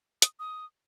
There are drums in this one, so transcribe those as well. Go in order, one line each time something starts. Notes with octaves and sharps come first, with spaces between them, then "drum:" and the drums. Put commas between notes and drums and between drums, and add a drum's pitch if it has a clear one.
D#6, drum: hi-hat
D#6